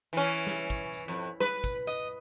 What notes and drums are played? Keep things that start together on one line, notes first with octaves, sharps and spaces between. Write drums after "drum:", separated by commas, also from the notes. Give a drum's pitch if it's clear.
E3 C#4
drum: snare
drum: kick, tambourine
drum: tambourine
F2
B4, drum: snare
drum: kick, tambourine
D#5, drum: tambourine